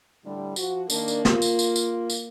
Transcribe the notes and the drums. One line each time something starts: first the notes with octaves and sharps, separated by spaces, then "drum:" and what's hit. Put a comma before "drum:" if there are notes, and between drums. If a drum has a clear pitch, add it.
A2 D3 G3
F3 F#4, drum: tambourine
D#3 A#3 D4, drum: tambourine
drum: tambourine
F4, drum: snare
drum: tambourine
drum: tambourine
drum: tambourine
drum: tambourine